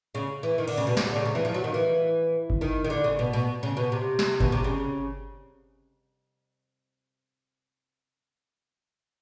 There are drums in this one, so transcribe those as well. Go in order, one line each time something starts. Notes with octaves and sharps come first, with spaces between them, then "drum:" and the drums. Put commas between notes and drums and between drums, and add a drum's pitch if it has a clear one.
C#3
E3
D#3
D3, drum: cymbal
C#3
B2
C3, drum: snare
D3
C#3
C3
E3
F3
F#3
D#3
E3
drum: kick G1
D#3
D#3
D3
C#3
B2
B2
C#3
B2
C3
drum: snare
B2, drum: kick G1
C3
C#3